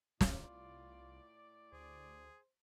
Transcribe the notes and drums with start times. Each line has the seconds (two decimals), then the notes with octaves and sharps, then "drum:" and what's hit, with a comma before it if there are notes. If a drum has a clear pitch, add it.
0.21 C2 A2 F4 D5, drum: snare
1.73 D2 G#4 C5